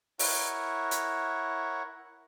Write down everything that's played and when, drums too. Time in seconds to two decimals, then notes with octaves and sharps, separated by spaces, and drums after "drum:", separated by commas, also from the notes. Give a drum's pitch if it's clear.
0.19 E4 A#4 C#5 F#5, drum: open hi-hat
0.91 drum: hi-hat